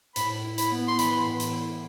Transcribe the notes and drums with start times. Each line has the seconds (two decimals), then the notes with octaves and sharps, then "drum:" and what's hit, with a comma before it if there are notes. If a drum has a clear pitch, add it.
0.16 A2 B5, drum: hi-hat
0.44 E4
0.58 B5, drum: hi-hat
0.71 B3
0.88 C6
0.99 E3 B5, drum: hi-hat
1.26 A2
1.40 drum: hi-hat
1.53 E4